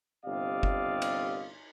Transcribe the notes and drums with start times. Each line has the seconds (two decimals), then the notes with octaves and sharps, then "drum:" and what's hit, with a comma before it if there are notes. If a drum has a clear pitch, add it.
0.25 G1 C3 D5 D#5 F5
0.63 drum: kick F#1
1.02 drum: cymbal